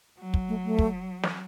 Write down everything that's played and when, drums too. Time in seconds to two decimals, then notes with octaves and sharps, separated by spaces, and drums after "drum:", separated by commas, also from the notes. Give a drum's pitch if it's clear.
0.19 F#3
0.34 drum: kick
0.49 A3
0.64 A3
0.79 drum: kick
1.23 drum: snare